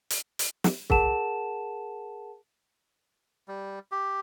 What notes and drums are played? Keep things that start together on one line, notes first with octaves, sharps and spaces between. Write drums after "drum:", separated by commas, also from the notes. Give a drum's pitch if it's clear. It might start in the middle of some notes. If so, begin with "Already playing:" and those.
drum: hi-hat
drum: hi-hat
drum: snare
G#4 A#4 F#5 A5 E7, drum: kick
G3
G4